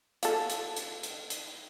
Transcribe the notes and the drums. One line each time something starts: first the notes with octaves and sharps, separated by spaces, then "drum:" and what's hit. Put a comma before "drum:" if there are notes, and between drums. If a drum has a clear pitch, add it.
F4 A4, drum: hi-hat
drum: hi-hat
drum: hi-hat
drum: hi-hat
drum: hi-hat